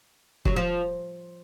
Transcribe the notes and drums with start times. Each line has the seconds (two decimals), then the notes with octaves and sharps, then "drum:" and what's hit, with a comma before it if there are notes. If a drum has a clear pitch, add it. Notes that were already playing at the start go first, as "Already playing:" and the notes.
0.45 F#3, drum: kick
0.56 F3